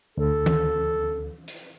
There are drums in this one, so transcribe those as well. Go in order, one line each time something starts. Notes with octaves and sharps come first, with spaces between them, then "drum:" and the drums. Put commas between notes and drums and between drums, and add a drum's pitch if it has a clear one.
D2 A4
drum: tom D#3
drum: hi-hat